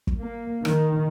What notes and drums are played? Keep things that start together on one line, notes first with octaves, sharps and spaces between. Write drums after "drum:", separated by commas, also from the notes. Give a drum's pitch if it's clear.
drum: kick
A#3
D#3, drum: rim click